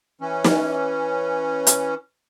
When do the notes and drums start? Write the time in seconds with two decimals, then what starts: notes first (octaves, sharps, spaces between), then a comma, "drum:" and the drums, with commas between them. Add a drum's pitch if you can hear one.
0.21 E3 C#4
0.45 drum: snare
1.67 drum: hi-hat